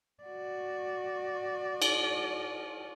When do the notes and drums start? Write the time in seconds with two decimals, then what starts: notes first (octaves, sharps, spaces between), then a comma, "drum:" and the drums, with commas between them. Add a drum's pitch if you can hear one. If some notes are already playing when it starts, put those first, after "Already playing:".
0.23 F#4 D5
1.82 drum: cymbal